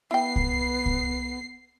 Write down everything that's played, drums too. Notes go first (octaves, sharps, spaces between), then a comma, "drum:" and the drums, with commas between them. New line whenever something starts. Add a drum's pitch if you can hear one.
B3 E4 G5 C7
drum: kick C2
drum: kick C2